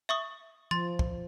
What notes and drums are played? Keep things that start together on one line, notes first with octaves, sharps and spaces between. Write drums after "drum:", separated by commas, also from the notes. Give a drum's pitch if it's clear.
E5 C#6 D#6
F3 C6 A6
drum: kick